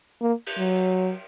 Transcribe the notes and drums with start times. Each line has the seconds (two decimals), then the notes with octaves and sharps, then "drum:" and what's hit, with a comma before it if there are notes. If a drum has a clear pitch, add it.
0.21 A#3
0.46 drum: cymbal
0.58 F#3